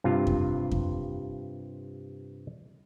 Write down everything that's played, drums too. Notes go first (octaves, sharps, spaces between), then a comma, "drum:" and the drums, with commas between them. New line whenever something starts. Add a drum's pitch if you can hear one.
G2 C3 F4
drum: kick F2
drum: kick F2